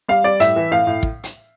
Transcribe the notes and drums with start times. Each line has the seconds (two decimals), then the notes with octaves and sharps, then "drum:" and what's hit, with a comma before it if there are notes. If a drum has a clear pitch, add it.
0.09 G3 F5
0.24 G3 D5
0.40 A2 E5, drum: hi-hat
0.56 E3
0.71 A2 F5
0.87 A2
1.03 drum: kick
1.23 drum: hi-hat